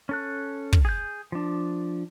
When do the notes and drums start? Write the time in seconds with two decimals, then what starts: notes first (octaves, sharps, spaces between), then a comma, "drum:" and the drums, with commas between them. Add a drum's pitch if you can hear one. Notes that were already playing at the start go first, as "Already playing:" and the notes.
0.09 C#4 A4 F#6
0.73 drum: kick
0.85 G#4 G6
1.32 F3 D4